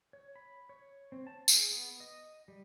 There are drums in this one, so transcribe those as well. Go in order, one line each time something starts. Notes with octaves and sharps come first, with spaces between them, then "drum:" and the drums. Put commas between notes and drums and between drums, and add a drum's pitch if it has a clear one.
C#5
B5
C#5
C4
A5
G#4, drum: tambourine
B3
D#5
G3